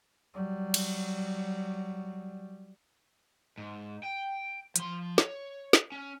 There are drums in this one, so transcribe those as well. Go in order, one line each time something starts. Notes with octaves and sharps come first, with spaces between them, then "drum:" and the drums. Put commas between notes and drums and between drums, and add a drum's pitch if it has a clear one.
F#3 G3
drum: cymbal
G#2
G5
F3 C6, drum: hi-hat
C#5, drum: snare
drum: snare
C#4